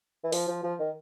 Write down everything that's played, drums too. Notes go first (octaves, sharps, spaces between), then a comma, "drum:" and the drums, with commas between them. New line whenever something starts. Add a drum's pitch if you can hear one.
E3
F3, drum: open hi-hat
F3
F3
D#3